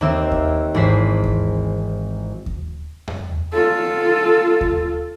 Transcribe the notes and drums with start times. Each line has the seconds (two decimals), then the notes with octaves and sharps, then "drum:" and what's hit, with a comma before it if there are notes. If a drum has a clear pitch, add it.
0.01 D#2 A#3 C4 E5
0.31 drum: kick D#2
0.74 G#1 E3 G#4 C5 B6
1.24 drum: kick D#2
2.46 drum: kick D#2
3.08 drum: tom E2
3.53 F4 A4
4.61 drum: kick D#2